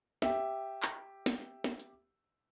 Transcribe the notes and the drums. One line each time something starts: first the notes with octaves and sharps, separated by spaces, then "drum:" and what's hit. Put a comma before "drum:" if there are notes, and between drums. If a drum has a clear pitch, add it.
G4 E5, drum: snare
drum: clap
drum: snare
drum: snare
drum: hi-hat